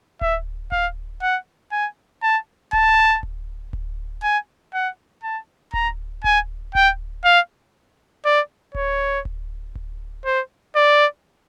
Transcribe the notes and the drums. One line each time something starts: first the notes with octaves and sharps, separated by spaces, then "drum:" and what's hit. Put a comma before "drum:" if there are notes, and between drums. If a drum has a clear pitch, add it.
E5, drum: kick D1
F5, drum: kick D1
F#5
G#5
A5
A5, drum: kick D1
drum: kick D1
drum: kick D1
G#5
F#5
A5
A#5, drum: kick D1
G#5, drum: kick D1
G5, drum: kick D1
F5
D5
C#5, drum: kick D1
drum: kick D1
drum: kick D1
C5
D5